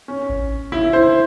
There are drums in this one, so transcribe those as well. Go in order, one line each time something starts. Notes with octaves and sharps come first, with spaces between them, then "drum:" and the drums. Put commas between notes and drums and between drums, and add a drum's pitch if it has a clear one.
C#4
drum: kick A1
E4
C5